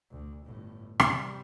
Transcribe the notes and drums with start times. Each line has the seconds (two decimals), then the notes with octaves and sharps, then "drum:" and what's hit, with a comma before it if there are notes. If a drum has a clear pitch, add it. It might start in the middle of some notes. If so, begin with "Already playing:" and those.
0.11 D2
0.45 G1 A2
1.00 C3 G3, drum: rim click